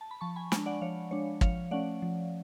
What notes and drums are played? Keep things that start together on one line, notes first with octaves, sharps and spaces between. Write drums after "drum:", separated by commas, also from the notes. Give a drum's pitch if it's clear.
A5
B5
F3 A5 C#6
G#5 B5
G#3 D4, drum: snare
D5 F#5
F3 C#5 F5
G#3 D4 C#5
F3 C#5 F5, drum: kick
A3 C#4 D5 F#5
F3